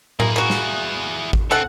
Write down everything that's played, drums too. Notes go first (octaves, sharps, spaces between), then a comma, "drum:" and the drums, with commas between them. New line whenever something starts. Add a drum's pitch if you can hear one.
A#3 E4 G#4, drum: tom A2
A#3 F#4
drum: snare
drum: kick G#1
C4 C#4 A4 F#5